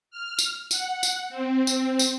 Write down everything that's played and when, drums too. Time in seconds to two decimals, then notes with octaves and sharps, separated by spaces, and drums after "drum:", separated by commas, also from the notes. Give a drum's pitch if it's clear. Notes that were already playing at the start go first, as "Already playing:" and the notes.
0.11 F6
0.39 drum: tambourine
0.71 F#5, drum: tambourine
1.03 drum: tambourine
1.29 C4
1.67 drum: tambourine
1.99 drum: tambourine